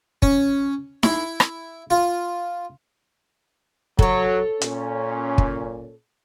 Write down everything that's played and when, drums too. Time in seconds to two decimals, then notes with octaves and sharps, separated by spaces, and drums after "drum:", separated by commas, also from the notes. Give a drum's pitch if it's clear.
0.22 C#4, drum: kick
1.03 E4, drum: snare D#4
1.40 drum: rim click
1.90 F4
3.99 F#3 A4 C#5, drum: kick
4.61 A#2 C#4, drum: hi-hat
5.38 drum: kick